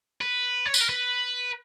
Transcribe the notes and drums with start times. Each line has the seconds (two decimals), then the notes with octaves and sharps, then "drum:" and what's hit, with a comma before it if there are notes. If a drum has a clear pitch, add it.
0.21 B4
0.66 C#5
0.74 B4, drum: tambourine
0.81 A#4
0.89 B4